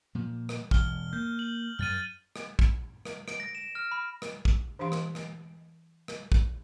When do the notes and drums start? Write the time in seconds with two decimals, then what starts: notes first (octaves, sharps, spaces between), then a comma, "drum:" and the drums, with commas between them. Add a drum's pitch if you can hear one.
0.15 A#2 F3
0.49 drum: rim click
0.71 E1 F6 G7, drum: kick
1.13 A#3 G6
1.39 F#7
1.79 F#2 F6 A6 D#7
2.36 drum: rim click
2.59 drum: kick
3.05 drum: rim click
3.28 D7, drum: rim click
3.40 A#6
3.55 E7
3.75 F6
3.91 B5
4.22 drum: rim click
4.45 drum: kick
4.79 E3 D4 G4 F5 C6
4.92 drum: rim click
5.15 drum: rim click
6.08 drum: rim click
6.32 drum: kick